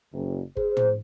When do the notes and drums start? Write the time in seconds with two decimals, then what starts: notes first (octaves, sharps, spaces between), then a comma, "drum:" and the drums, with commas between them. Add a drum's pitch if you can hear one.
0.13 F#1
0.57 G#4 C5, drum: kick G1
0.77 drum: tom